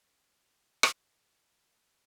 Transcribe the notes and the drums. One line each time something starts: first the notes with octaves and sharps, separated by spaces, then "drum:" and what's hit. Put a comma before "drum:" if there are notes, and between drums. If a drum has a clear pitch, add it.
B2 A3 C4
drum: rim click